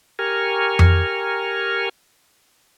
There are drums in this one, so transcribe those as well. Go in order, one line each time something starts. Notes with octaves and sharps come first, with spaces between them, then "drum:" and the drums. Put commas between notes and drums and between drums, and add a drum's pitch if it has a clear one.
G4 A#4 G#5 A#5 C#6 F6
drum: tom F2